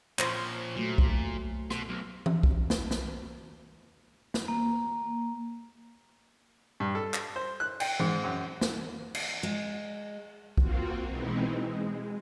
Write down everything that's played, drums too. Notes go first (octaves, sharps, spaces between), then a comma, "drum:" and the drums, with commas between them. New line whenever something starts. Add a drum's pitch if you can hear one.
A#2 F3 C5 C#5, drum: clap
A#2 F#3 A3
drum: kick B1
B2, drum: rim click
B1
drum: tom E3
drum: kick B1
drum: snare
drum: snare
drum: snare
A#3
G2
A4
drum: clap
C5
F#6
G5, drum: cymbal
G#2, drum: tom E3
F#2
drum: snare
drum: cymbal
G#3
A#3 C4 F4 F#4, drum: kick B1
B2 E3 G#3 C4 D#4 E4
G#3